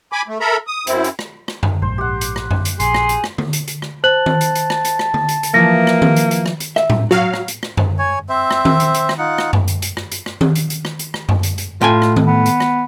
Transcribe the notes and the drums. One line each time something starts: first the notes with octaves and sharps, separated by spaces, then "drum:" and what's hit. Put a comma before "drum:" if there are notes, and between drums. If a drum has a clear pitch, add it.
G#5 B5 D6
A3
A4 A#4 E5 A#5 B5
D#6
F#2 C4 E4, drum: hi-hat
drum: hi-hat
drum: rim click
drum: rim click
drum: tom F#2
A#1 G#2 C5
G4 F#5
drum: hi-hat
drum: rim click
drum: tom F#2
drum: hi-hat
A#1 G#4 C6, drum: hi-hat
drum: rim click
drum: hi-hat
drum: rim click
drum: tom D3
drum: hi-hat
drum: hi-hat
drum: rim click
C5 A5 F#6 F#7
drum: tom D#3
drum: hi-hat
drum: hi-hat
drum: rim click
drum: hi-hat
drum: rim click
drum: tom D3
drum: hi-hat
drum: hi-hat
E3 F3 A#3 A#6
drum: rim click
drum: tom D#3
drum: hi-hat
drum: hi-hat
drum: rim click
drum: hi-hat
E5, drum: rim click
drum: tom A2
F#3 F#4 F5
drum: rim click
drum: hi-hat
drum: rim click
drum: tom F#2
C#5 G#5
C4 C5 E5
drum: rim click
drum: tom D#3
drum: hi-hat
drum: hi-hat
drum: rim click
D#4 F4 F#5
drum: rim click
drum: tom F#2
drum: hi-hat
drum: hi-hat
drum: rim click
drum: hi-hat
drum: rim click
drum: tom D#3
drum: hi-hat
drum: hi-hat
drum: rim click
drum: hi-hat
drum: rim click
drum: tom F#2
drum: hi-hat
drum: hi-hat
A2 F4 G5 G#5
drum: rim click
drum: tom D#3
B3
drum: hi-hat
drum: rim click